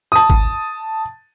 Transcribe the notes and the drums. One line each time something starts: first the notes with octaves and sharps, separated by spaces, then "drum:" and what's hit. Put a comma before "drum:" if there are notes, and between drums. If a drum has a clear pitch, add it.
A5 D#6
drum: kick